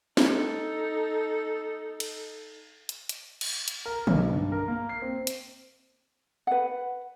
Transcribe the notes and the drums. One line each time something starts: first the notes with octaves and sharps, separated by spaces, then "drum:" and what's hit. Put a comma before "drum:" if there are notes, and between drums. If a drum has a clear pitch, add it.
D#4 A4, drum: snare
drum: cymbal
drum: hi-hat
drum: hi-hat
drum: cymbal
drum: hi-hat
A#4
B1, drum: tom
G2
A#4
A#3
C7
C4
drum: hi-hat
B4 F#5